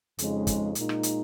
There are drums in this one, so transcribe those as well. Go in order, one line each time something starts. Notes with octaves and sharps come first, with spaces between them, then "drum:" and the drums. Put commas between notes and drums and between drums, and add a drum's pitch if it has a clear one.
F2 C#3 G#3 D#4, drum: hi-hat
drum: kick, hi-hat
A#2 G#3 D#4, drum: hi-hat
drum: rim click
drum: hi-hat